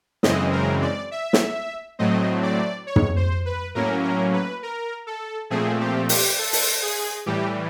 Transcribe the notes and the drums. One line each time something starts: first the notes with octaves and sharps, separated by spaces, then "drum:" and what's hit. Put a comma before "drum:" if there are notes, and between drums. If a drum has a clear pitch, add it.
F#2 C#3 E3 G#3 C4 D#5, drum: snare
A#4
D5
E5
drum: snare
A2 F#3 A3 C4 D#5
D5
C#5
drum: tom
C5
B4
A2 F#3 A#3 C#4 A#4
A#4
B4
A#4
A4
A#2 F3 A3 C4 G#4
G4
G4, drum: open hi-hat
A4
drum: open hi-hat
G#4
A2 E3 G3 G4